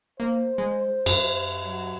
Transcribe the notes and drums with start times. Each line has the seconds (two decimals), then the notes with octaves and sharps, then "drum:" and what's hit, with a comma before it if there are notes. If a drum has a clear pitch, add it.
0.20 A#3 C5
0.58 G#3
1.06 F#2, drum: cymbal
1.64 F#3